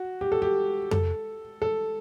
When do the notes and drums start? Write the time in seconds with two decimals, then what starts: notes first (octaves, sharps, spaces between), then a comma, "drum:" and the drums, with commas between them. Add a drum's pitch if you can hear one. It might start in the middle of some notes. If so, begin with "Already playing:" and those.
Already playing: F#4
0.21 G4
0.32 A4
0.42 G4
0.91 A4, drum: tom F2
1.62 A4